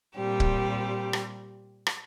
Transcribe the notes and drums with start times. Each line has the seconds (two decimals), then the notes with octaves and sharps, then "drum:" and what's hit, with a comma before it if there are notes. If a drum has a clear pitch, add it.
0.16 A#2 G3 C4 G4
0.40 drum: kick C#1
1.13 drum: rim click
1.86 drum: rim click